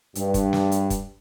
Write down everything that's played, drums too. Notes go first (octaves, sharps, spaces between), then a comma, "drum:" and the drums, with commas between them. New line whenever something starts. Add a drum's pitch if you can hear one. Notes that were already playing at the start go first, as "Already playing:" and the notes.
G2, drum: hi-hat
drum: kick, hi-hat
drum: snare
drum: hi-hat
drum: kick, hi-hat